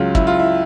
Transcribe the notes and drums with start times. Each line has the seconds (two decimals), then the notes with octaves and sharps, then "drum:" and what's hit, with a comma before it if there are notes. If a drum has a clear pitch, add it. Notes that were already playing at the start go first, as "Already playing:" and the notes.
Already playing: C#2 C#3 F#3 F4
0.15 E4, drum: kick
0.27 F4
0.39 E4